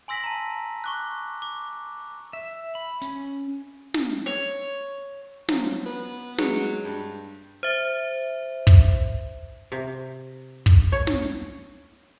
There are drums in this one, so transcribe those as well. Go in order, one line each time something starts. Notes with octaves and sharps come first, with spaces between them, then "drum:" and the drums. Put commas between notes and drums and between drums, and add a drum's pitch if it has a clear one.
G#5 C6 E6 A#6 B6 F#7
A5 A#5
C#6 D6 F#6
D6
E5
B5
C#4, drum: hi-hat
drum: snare
C#5
F3 F#3, drum: snare
B3
F#3 G#3, drum: snare
G2
C5 E5
drum: kick
C3
drum: kick
C#5
drum: snare